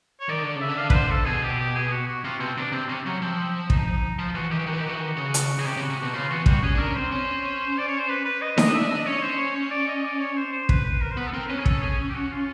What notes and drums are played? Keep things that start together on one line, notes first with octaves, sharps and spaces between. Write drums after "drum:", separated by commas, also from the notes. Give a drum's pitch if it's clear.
C#5
D#3 D5
D3
C#3
E5
D3
F5
B4, drum: kick
C5
A4
B2 G#4
G4
G4
G#4
F#4
F#4
C3 F4
B2 C4
C3 D4
C3 C4
C3 C#4
C4
F#3 C#4
F3 C4
C4
D#4, drum: kick
F3 F4
E3 F#4
D#3 G4
E3
D#3 F#4
E3
G4
D#3
E3 F#4
D#3
C#3
drum: hi-hat
C#3 G#4
C3 G4
C#3
F#4
C3
B2 F#4
C#3 F4
E3 F#4
G3 F#4, drum: kick
C#4 G#4
D4 A#4
C#4
C4 C5
C#4
D5
C#5
C5
B4
B4
D#5
D4 D#5, drum: snare D#4
D#5
E5
D4
D#5
C#4 C#5
C5
C#5
C#5
D5
D#5
D5
C#5
C5
C5
B4, drum: kick
B4
A#4
C5
B3 B4
A4
C4 A#4
C#4 B4
G#4
A4, drum: kick
G#4
G4
F#4
F4